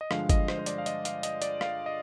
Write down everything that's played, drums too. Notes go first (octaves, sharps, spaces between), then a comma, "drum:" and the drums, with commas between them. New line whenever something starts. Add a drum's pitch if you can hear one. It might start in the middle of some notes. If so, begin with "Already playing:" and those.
D#5
G2 D3 F3 G#3 F5, drum: rim click
D#5, drum: kick G1, hi-hat
C5, drum: rim click
C5
D5, drum: hi-hat
F5
D#5, drum: hi-hat
F5, drum: hi-hat
D#5, drum: hi-hat
D5, drum: hi-hat
F5, drum: rim click
D#5